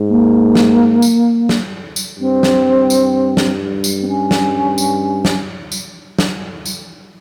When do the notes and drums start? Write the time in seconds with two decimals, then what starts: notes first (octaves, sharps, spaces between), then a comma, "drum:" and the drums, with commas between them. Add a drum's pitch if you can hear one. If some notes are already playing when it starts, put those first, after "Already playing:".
Already playing: G#2
0.09 A#3
0.55 drum: snare
1.02 drum: tambourine
1.49 drum: snare
1.96 drum: tambourine
2.19 G2 C4
2.43 drum: snare
2.90 drum: tambourine
3.37 drum: snare
3.84 drum: tambourine
4.01 C4
4.07 C#4
4.31 drum: snare
4.78 drum: tambourine
5.25 drum: snare
5.72 drum: tambourine
6.19 drum: snare
6.65 drum: tambourine